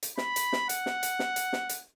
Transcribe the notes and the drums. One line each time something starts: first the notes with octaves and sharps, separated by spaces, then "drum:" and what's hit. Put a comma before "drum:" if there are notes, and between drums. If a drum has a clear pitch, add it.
drum: hi-hat
B5, drum: snare
drum: hi-hat
drum: snare
F#5, drum: hi-hat
drum: snare
drum: hi-hat
drum: snare
drum: hi-hat
drum: snare
drum: hi-hat